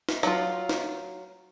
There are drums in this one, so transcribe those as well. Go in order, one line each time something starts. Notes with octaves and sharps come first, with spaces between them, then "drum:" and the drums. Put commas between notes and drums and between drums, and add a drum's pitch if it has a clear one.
drum: snare
F#3 F4, drum: rim click
drum: snare